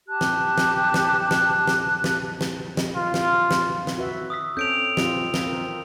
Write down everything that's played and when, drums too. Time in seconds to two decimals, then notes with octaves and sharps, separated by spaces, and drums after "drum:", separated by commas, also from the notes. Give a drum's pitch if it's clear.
0.09 G4 A5 F#6
0.21 drum: snare
0.58 drum: snare
0.94 drum: snare
1.31 drum: snare
1.67 drum: snare
2.04 drum: snare
2.41 drum: snare
2.77 drum: snare
2.96 F4
3.14 drum: snare
3.51 drum: snare
3.87 drum: snare
3.98 F#4 B4 E5
4.30 D#6 E6 B6
4.57 C4 C#4 A4 G6 D7 F7
4.97 C4 F4, drum: snare
5.34 drum: snare
5.45 C4 A#4